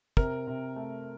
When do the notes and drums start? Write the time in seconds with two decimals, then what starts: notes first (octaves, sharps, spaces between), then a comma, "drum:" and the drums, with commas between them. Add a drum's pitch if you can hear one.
0.17 C3 A#4, drum: kick
0.47 C3
0.76 A3